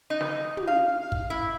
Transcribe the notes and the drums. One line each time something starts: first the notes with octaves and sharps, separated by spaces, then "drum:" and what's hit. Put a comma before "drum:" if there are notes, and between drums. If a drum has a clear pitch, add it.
D#4
drum: snare
drum: tom
F5
drum: kick
E4